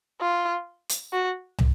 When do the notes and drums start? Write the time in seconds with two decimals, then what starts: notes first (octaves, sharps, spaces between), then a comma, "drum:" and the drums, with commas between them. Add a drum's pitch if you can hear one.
0.21 F4
0.89 drum: hi-hat
1.13 F#4
1.59 drum: tom